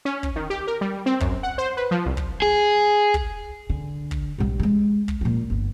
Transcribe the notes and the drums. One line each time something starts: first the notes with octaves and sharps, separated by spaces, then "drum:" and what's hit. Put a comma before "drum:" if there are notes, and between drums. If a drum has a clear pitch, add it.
C#4
drum: kick
D#3
G4
A#4
G3
C4
F#2, drum: kick
F#5
C5
B4
F3
C2
drum: kick
G#4
drum: kick
D3
drum: kick
B1 G3
G3 G#3
drum: kick
A#2 F3
G1 B3